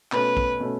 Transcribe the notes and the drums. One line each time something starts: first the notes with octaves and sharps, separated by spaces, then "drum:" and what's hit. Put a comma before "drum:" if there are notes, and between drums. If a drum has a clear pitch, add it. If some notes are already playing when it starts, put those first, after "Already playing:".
B2 A3 C#4 B4, drum: clap
drum: kick A#1
B2 A3 C#4